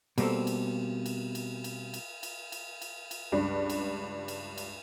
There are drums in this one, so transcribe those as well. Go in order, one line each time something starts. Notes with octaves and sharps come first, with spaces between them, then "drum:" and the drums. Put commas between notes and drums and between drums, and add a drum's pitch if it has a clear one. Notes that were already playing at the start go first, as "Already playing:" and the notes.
B2 G3 A#3 C4 A4, drum: cymbal
drum: cymbal
drum: cymbal
drum: cymbal
drum: cymbal
drum: cymbal
drum: cymbal
drum: cymbal
drum: cymbal
drum: cymbal
C#2 G2 D4
drum: cymbal
drum: cymbal
drum: cymbal